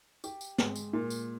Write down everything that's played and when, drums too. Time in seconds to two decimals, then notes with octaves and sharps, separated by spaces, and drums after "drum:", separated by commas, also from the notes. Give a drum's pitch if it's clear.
0.24 G4, drum: tambourine
0.41 drum: tambourine
0.58 G#3, drum: snare
0.76 drum: tambourine
0.93 A#2
1.10 drum: tambourine